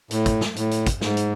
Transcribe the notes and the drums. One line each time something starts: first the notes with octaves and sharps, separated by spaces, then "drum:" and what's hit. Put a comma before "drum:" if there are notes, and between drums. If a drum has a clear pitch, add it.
A2, drum: hi-hat
drum: kick, hi-hat
drum: snare
A2, drum: hi-hat
drum: hi-hat
drum: kick, hi-hat
G#2, drum: snare
drum: hi-hat